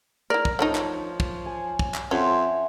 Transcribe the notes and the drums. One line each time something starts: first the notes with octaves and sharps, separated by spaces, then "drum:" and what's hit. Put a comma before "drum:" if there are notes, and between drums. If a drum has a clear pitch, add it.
E4 A#4 D5
drum: kick
F3 A3 D4 D#4 C#5
drum: clap
drum: kick
G#5
drum: kick
drum: clap
F2 C#4 E5 F#5 C6